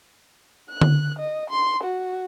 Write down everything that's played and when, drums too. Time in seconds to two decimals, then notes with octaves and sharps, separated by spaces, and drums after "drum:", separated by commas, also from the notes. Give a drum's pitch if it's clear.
0.70 F#6
0.81 drum: tom D3
1.19 D#5
1.50 C6
1.84 F#4